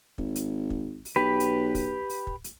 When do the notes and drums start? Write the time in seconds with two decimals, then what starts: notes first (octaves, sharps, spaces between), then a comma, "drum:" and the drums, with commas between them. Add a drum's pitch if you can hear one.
0.18 G#1, drum: kick
0.35 drum: hi-hat
0.70 drum: kick
1.05 drum: open hi-hat
1.16 B1 G4 B4
1.40 drum: hi-hat
1.75 drum: kick, open hi-hat
2.09 drum: open hi-hat
2.27 drum: kick
2.44 drum: hi-hat